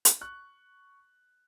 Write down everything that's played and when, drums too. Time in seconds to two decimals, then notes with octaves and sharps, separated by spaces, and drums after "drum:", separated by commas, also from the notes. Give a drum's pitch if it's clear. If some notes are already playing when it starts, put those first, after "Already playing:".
0.05 drum: hi-hat
0.21 C#6 F#6